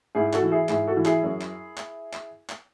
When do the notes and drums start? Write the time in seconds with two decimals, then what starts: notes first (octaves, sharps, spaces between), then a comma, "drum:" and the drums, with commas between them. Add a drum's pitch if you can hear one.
0.15 G#2 E4 G#4
0.33 F#4 A4, drum: clap
0.42 E3
0.52 E4 G#4
0.69 G#2 E4 G#4, drum: clap
0.87 F#4 A4
0.96 E3
1.05 E4 G#4, drum: clap
1.23 F#2
1.41 drum: clap
1.77 drum: clap
2.13 drum: clap
2.49 drum: clap